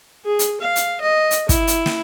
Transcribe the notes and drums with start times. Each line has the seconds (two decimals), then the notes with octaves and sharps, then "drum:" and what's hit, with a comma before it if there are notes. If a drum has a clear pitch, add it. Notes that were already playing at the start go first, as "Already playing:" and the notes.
0.25 G#4
0.39 drum: hi-hat
0.61 F5
0.76 drum: hi-hat
1.01 D#5
1.31 drum: hi-hat
1.49 E4, drum: kick, hi-hat
1.67 drum: hi-hat
1.86 drum: snare